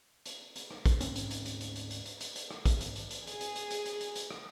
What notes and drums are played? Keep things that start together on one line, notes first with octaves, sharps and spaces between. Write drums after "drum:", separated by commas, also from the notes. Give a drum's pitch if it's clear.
drum: hi-hat
drum: hi-hat
drum: rim click
drum: kick, hi-hat
D2 G#2 C4 C#4, drum: hi-hat
drum: hi-hat
drum: hi-hat
drum: hi-hat
drum: hi-hat
drum: hi-hat
drum: hi-hat
drum: hi-hat
drum: hi-hat
drum: hi-hat
drum: rim click
drum: kick, hi-hat
drum: hi-hat
drum: hi-hat
drum: hi-hat
G#4, drum: hi-hat
drum: hi-hat
drum: hi-hat
drum: hi-hat
drum: hi-hat
drum: hi-hat
drum: hi-hat
drum: rim click